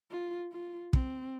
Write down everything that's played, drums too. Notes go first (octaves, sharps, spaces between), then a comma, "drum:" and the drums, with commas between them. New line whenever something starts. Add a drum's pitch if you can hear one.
F4
F4
C4, drum: kick